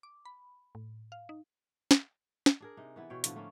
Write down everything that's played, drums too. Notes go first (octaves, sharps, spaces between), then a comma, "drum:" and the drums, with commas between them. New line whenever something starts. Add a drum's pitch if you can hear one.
D6
B5
A2
F5
D#4
drum: snare
drum: snare
D4 G#4 A#4
C3 D#4
E3 B3 E4
B2 C#5 G5
A2 D3 F3 F4, drum: hi-hat
A3 A#3 C#4